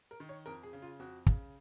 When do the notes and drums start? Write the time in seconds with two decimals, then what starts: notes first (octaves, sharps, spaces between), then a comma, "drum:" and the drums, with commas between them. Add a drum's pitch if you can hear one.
0.11 A#4
0.20 D#3
0.29 C#5
0.46 F2 A#4
0.63 G#4
0.73 C#3
0.82 F4
0.99 F2 F#4
1.26 C#3, drum: kick